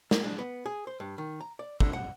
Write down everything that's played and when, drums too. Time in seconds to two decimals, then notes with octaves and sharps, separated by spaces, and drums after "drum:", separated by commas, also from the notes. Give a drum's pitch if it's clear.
0.11 A#3, drum: snare
0.24 D4
0.39 B3
0.66 G#4
0.87 C5
1.00 G2
1.18 D#3
1.40 A#5
1.59 D5
1.80 D3, drum: kick
1.93 F#5